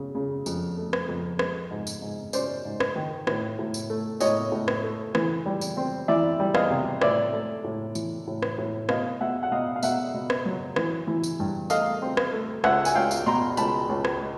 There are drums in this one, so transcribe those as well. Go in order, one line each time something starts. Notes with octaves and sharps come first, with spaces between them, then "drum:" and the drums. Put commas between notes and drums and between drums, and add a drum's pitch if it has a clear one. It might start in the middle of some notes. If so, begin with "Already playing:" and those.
Already playing: C#3
C#3
F2, drum: tambourine
A3
drum: rim click
F2
G#3, drum: rim click
G#2
drum: tambourine
G#2
C#4 C5 D5, drum: tambourine
G#2
drum: rim click
D#3
A2, drum: rim click
A2
drum: tambourine
A3
A2 C#5 D#5, drum: tambourine
A2
drum: rim click
A3
E3, drum: rim click
G3
drum: tambourine
C4
E3 D5 E5
G3
D#5 F5, drum: rim click
C3
A2 D5 E5, drum: rim click
A3
A2
E3, drum: tambourine
A2
drum: rim click
A2
B2 D#5 F5, drum: rim click
B2 E5 F#5
F#5
B2 D#5 F5
F5
B2 E5 F#5, drum: tambourine
B2
drum: rim click
F#3
E3, drum: rim click
E3
drum: tambourine
G2
A3 D#5 F5, drum: tambourine
C4
drum: rim click
A3
C#2 E5 F#5, drum: rim click
G#5, drum: tambourine
C#2 F5 G5
drum: tambourine
B2 A#5 C6
C#2 A5 B5, drum: tambourine
C#2
drum: rim click
G#3